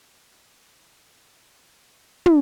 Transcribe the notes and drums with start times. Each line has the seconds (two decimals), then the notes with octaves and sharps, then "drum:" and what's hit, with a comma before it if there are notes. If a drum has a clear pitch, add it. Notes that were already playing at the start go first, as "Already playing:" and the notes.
Already playing: C3 E3 G3 B4
0.63 B2 F#3 A3 B4
0.72 A#4
0.80 B4
0.87 G4
1.12 F#4
1.28 F4
1.45 E4
1.61 A#2 F#3 A3 D#4
1.77 E4
1.93 E4
2.26 drum: tom